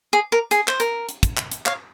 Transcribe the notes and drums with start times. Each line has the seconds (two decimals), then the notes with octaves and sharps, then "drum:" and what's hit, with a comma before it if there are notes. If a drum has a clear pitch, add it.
0.13 G#4
0.32 A#4
0.51 G#4, drum: hi-hat
0.68 C5, drum: clap
0.80 A#4, drum: hi-hat
1.09 drum: hi-hat
1.23 drum: kick, hi-hat
1.37 drum: clap
1.51 drum: hi-hat
1.66 C#5 F5, drum: clap